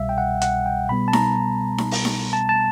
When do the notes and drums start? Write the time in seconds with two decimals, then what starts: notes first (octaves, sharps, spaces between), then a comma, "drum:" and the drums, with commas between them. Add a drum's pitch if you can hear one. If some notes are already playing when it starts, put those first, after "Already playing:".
Already playing: C2 B2 G3 E5 F5
0.09 G5
0.18 F#5
0.42 F#5, drum: hi-hat
0.66 G5
0.89 B2 G3 B3 B5
1.08 A5
1.13 A#5, drum: snare D#4
1.78 drum: snare D#4
1.91 drum: open hi-hat
2.05 drum: snare D#4
2.33 A5
2.49 A5